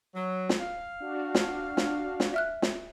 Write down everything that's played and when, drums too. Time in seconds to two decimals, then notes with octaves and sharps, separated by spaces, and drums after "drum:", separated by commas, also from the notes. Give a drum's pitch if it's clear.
0.15 F#3
0.49 drum: snare
0.60 F5
1.00 D4 F#4
1.35 drum: snare
1.77 drum: snare
2.20 drum: snare
2.34 E5 F6 F#6
2.62 drum: snare